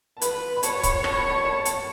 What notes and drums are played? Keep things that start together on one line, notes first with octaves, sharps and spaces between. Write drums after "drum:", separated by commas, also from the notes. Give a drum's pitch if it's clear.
A5
B4 B5, drum: hi-hat
B5
C#5 A5, drum: hi-hat
B5, drum: kick C#1, hi-hat
A5, drum: rim click
B5
A5
A5
A5, drum: hi-hat